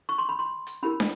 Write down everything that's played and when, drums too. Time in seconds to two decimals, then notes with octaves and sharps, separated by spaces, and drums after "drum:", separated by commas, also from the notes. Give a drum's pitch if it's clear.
0.09 C#6
0.18 C6
0.29 B5
0.39 C6
0.67 drum: hi-hat
0.83 C#4 E4 G4 A#4 B5
1.00 drum: snare